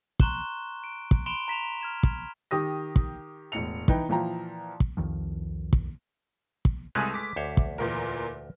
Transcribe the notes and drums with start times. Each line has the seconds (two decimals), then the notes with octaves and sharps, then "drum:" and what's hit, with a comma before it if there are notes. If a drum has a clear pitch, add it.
0.20 A#5 C6 C#6 F#6 E7 G7, drum: kick
0.84 D7
1.11 drum: kick
1.26 B5 C6 D7 E7 F7 G7
1.48 A#5 B6 E7 F7
1.81 F6 G#6 E7
2.03 drum: kick
2.51 D#3 G4 D#6 A#6
2.96 drum: kick
3.52 E1 A2 C#7 F7
3.88 E3 D#4 B4 G5 A#5, drum: kick
4.09 A#2 E3 F3 G5 A#5
4.80 drum: kick
4.97 C2 F2 D#3 F3
5.73 drum: kick
6.65 drum: kick
6.95 C2 G#3 A3 B4 G#5 D#6
7.14 D6 B6
7.36 D2 C5 C#5
7.57 drum: kick
7.78 E2 A#2 A#4